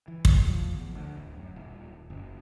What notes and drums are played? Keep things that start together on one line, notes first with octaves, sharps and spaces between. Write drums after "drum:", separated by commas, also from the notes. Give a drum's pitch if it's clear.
E3
A2, drum: kick
F3
E2
D2
D1
F#2
D#1
F#1